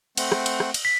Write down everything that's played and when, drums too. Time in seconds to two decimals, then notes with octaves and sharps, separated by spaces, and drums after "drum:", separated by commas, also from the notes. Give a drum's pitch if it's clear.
0.17 A3 C4 F#5, drum: cymbal
0.32 drum: rim click
0.46 drum: cymbal
0.60 drum: rim click
0.74 drum: cymbal
0.85 B6